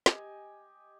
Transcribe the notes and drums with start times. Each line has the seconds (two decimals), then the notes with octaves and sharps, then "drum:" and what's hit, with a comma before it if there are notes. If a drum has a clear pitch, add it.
0.06 G4 D#5 G#5, drum: snare